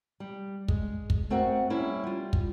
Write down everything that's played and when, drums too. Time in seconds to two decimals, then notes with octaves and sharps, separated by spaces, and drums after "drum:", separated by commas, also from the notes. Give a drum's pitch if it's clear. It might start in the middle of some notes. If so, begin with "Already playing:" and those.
0.20 G3
0.68 G#3, drum: kick
1.10 drum: kick
1.30 A3 C4 F#4 A#4 F#5
1.70 G3 A#3 C#4 E4
2.03 G3 F4
2.33 drum: kick